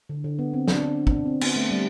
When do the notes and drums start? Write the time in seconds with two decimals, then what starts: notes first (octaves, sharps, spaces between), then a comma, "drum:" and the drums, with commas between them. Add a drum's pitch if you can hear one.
0.09 D3
0.24 D3
0.39 B3
0.54 C4
0.68 D4, drum: snare
1.07 drum: kick
1.26 C4
1.41 B3, drum: cymbal
1.56 A3
1.71 G3